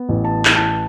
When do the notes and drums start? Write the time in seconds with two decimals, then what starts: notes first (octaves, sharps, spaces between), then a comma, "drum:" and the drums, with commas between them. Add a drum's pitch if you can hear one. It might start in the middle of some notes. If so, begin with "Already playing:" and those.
Already playing: B3
0.09 A1
0.25 A5
0.45 drum: clap
0.56 E3 A5